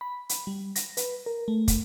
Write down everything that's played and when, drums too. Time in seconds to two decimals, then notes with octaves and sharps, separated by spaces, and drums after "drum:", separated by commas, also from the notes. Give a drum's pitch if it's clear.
0.01 B5
0.29 drum: hi-hat
0.47 G3
0.75 A#6, drum: hi-hat
0.97 B4, drum: hi-hat
1.26 A#4
1.48 A3
1.68 drum: kick, hi-hat